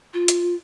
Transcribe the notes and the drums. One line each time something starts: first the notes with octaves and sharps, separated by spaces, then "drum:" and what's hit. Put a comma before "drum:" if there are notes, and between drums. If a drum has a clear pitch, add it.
F4
drum: hi-hat